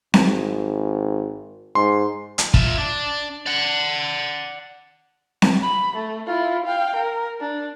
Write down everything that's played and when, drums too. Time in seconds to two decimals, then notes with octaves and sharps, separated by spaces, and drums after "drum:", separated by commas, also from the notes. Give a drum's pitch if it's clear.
0.14 G#1, drum: snare C4
1.75 G#2 C6
2.38 drum: hi-hat
2.54 F4 E5, drum: kick
2.78 D4
3.46 D5 F#5
5.42 drum: snare C4
5.62 B5
5.96 A3
6.26 E4 F4
6.66 F5 G5
6.96 A#4
7.40 D4